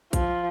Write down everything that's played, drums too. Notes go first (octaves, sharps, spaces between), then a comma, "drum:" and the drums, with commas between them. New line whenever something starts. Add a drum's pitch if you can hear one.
F3, drum: kick A#1, hi-hat